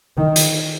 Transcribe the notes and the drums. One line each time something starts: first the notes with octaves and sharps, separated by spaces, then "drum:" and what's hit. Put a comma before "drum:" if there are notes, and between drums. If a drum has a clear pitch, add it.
D#3
drum: hi-hat